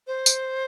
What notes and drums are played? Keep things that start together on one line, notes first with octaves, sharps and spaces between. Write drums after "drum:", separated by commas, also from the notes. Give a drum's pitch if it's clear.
C5
drum: tambourine